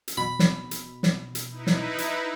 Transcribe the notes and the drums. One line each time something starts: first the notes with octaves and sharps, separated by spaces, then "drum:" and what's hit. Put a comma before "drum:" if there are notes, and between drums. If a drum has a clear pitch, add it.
drum: hi-hat
B2 B5
drum: snare
drum: hi-hat
drum: snare
drum: hi-hat
D#4 E4 B4
drum: snare
drum: hi-hat